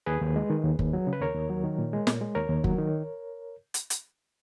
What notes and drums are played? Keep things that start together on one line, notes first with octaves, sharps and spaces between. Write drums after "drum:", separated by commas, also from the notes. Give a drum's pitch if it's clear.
D#2 G#4 B4
D#2
G#3
D#3
D#2
D#2, drum: kick
F#3
C#3
B4
D#2 A#4 C#5
D#2
F#3
D#3
A#2
G#3
A#2, drum: snare
G#3
D#2 A#4 C#5
D#2
F#3, drum: kick
D#3
drum: hi-hat
drum: hi-hat